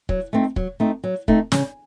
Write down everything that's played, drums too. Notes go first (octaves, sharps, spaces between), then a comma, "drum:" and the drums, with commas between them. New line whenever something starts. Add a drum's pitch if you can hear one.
F#3, drum: kick
A3 C4 D#4
F#3, drum: kick
A3 C4 D#4
F#3
A3 C4 D#4, drum: kick
C#3, drum: snare